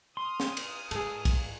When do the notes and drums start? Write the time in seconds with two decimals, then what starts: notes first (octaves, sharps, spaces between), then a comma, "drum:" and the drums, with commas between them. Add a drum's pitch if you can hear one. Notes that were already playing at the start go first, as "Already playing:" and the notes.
0.17 C6 D#6 F6
0.40 drum: snare
0.57 drum: cymbal
0.91 G#2 G#4 A4, drum: cymbal
1.25 drum: kick, cymbal